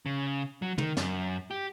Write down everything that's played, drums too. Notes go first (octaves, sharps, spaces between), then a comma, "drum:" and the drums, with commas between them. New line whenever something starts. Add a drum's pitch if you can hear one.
C#3
F#3
D#3, drum: tom
F#2, drum: snare
G4